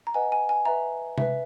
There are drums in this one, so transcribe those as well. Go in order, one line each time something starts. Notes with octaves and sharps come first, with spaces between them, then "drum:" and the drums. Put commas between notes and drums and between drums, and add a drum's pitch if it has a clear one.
A#5
B4 D#5 F#5 G#5
G#5
G#5
B4 E5 A#5
B4 E5, drum: tom C3